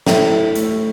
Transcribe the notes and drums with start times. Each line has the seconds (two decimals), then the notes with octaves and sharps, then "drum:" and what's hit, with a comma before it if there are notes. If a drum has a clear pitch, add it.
0.07 A2 E4, drum: snare
0.32 E4
0.56 A3, drum: hi-hat